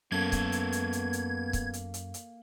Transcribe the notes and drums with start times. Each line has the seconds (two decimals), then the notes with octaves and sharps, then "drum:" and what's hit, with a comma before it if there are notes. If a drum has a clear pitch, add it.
0.12 F#2 A#3 B3 A4 G#6
0.32 drum: kick C#1, hi-hat
0.52 drum: hi-hat
0.72 drum: hi-hat
0.93 drum: hi-hat
1.13 drum: hi-hat
1.53 drum: kick C#1, hi-hat
1.73 drum: hi-hat
1.94 drum: hi-hat
2.14 drum: hi-hat